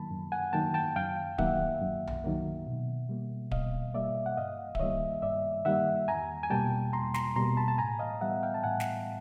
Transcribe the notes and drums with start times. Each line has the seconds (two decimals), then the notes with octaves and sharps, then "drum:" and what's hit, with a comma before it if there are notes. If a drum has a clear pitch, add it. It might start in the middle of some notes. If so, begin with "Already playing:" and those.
Already playing: F#2 D#3 F#3 A#3 A5 B5
0.11 F#2
0.32 F#5 G#5
0.53 D#3 F#3 A#3 G5 A5
0.74 G5 A5
0.96 F#2 F5 G5
1.38 D#3 F#3 A#3 E5 F#5, drum: kick D1
1.82 F#2
2.07 drum: tom B1
2.24 D#3 F#3 A#3
2.67 B2
3.09 G3 A#3
3.51 B2 D#5 F5, drum: kick D1
3.94 G3 A#3 D5 E5
4.26 F#5
4.37 G2 D#5 F5
4.75 E5, drum: kick D1
4.79 D#3 G3 A#3 C#5 D#5
5.22 G2 D5 E5
5.65 D#3 G3 A#3 E5 F#5
6.08 E2 G#5 A#5
6.43 G#5
6.50 B2 G3 A#3 G5 A5
6.93 E2 A#5 C6
7.14 A#5 C6, drum: snare
7.36 B2 G3 A#3 A#5 C6
7.57 A5 B5
7.68 A5
7.78 A2 G#5 A#5
7.99 D#5 F5
8.21 E3 G3 B3 E5 F#5
8.43 F5 G5
8.54 A5
8.63 A2 F#5 G#5
8.80 drum: snare